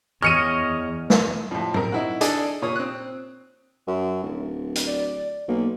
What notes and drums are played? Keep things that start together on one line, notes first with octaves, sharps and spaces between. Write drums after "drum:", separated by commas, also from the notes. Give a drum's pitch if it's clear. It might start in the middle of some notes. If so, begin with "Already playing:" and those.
E2 C#5 D#5 F6 C#7 D#7
drum: snare
F2 A2
C4 A#4, drum: tom A2
D#4 E4 F#4
D4 G#4 A4 D5 D#5, drum: hi-hat
A#2 C#5 D#6
C4 F#6
F#2
D1
drum: hi-hat
D5
B1 A#3